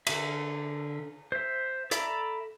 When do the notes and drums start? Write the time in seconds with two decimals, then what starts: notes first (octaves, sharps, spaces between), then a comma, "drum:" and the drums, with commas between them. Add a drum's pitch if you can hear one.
0.07 D3 E5, drum: cymbal
1.32 C5 E5
1.91 A4 D5 E5 A#5 B5, drum: hi-hat